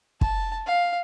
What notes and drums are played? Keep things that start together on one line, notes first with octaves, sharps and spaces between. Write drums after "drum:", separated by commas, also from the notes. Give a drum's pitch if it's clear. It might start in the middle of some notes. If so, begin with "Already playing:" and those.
A5, drum: kick
F5